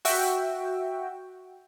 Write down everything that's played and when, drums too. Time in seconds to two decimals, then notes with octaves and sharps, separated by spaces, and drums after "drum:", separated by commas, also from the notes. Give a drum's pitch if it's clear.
0.05 F#4 E5 G5, drum: open hi-hat